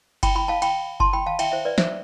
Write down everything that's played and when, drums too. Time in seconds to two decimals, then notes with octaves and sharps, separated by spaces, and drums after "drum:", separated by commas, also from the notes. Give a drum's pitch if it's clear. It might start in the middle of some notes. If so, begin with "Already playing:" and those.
0.23 G5 B5, drum: kick F#1, cymbal
0.35 G5 B5
0.48 F5 A5
0.62 G5 B5, drum: cymbal
1.00 A5 C6, drum: kick F#1
1.13 G5 B5
1.26 F5 A5
1.39 E5 G5, drum: cymbal
1.52 C5 E5
1.65 B4 D5
1.78 C5 E5, drum: snare